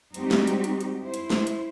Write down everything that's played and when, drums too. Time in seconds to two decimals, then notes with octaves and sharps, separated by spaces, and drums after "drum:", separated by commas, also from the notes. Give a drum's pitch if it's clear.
0.14 G3 G#3 C4 D#4 F#4 G4, drum: hi-hat
0.31 drum: snare
0.47 drum: hi-hat
0.64 drum: hi-hat
0.81 drum: hi-hat
1.01 E4 C5
1.14 drum: hi-hat
1.30 drum: snare
1.47 drum: hi-hat